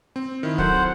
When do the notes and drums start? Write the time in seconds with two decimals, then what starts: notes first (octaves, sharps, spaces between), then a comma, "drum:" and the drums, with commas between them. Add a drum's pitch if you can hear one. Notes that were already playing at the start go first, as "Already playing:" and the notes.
0.16 C4
0.43 D#3 E4
0.58 F#3 A4 C5 F#5, drum: kick